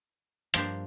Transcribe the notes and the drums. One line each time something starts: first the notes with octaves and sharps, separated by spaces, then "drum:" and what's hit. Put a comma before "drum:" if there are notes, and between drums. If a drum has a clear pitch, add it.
G2 F3 A#3 D4 G4 C5, drum: hi-hat